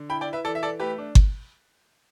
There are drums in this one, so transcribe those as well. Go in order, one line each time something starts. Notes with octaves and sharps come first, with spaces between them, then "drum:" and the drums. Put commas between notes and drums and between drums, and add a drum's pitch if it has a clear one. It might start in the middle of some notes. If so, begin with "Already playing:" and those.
Already playing: D3
E4 G5 B5
D5 G5
E4
B4 E5
E3 A4 D5
E5
E3 A4 D5
A3 G4 B4
D4
drum: kick G1